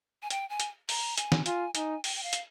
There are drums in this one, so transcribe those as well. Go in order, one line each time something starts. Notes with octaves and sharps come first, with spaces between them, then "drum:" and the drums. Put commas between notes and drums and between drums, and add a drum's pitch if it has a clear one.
G#5
G5, drum: hi-hat
G#5
drum: hi-hat
A#5, drum: open hi-hat
G#5, drum: hi-hat
drum: snare
F4 G#5, drum: hi-hat
D#4 G#5, drum: hi-hat
G5, drum: open hi-hat
G5
F5
drum: hi-hat